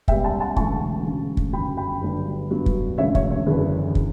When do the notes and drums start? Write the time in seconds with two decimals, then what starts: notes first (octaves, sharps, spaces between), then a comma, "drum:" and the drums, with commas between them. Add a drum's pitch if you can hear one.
0.08 C#2 C#3 G3 B3 E5 G5, drum: kick
0.24 F#5 A5
0.40 F#5 A5
0.56 E1 D2 C#3 E3 A3 A5 C#6, drum: kick
1.04 E1 D2 C#3
1.37 drum: kick
1.53 G1 F#2 C#3 F#3 G5 B5
1.77 G5 B5
2.01 G1 G2 D3 F#3
2.50 G2 F#3 B3
2.66 drum: kick
2.98 E1 D2 C#3 C#5 E5
3.15 C#5 E5, drum: kick
3.31 C#5
3.46 F#1 E2 D3 B4
3.95 drum: kick